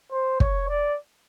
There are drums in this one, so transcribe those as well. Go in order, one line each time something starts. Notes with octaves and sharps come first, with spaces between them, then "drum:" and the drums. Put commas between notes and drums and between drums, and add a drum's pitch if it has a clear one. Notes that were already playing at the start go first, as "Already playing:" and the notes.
C5
C#5, drum: kick
D5